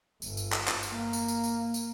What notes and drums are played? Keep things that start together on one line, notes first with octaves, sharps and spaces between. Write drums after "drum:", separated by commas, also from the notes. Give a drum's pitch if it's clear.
G1, drum: tambourine
drum: tambourine
drum: clap
drum: clap
drum: tambourine
A#3
drum: tambourine
drum: tambourine
drum: tambourine
drum: tambourine